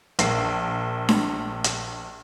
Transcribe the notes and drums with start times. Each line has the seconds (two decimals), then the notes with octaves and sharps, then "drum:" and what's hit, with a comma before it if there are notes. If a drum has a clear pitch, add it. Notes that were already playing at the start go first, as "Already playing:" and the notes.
0.19 A#1 A#3 E5 C7, drum: hi-hat
1.09 drum: snare D4
1.64 drum: hi-hat